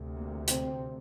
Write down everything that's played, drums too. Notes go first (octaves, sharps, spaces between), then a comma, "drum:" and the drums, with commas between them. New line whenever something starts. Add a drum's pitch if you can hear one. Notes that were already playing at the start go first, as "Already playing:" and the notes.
Already playing: D2 C3
A#3
C4, drum: hi-hat